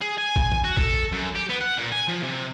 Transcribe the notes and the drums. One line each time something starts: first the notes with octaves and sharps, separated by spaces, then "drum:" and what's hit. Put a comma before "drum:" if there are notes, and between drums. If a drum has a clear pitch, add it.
G#4
G#5
drum: kick
drum: tom D#3
F#4
A4, drum: kick
F#2
G4
B3
F#5
A#2
G#5
F3
C3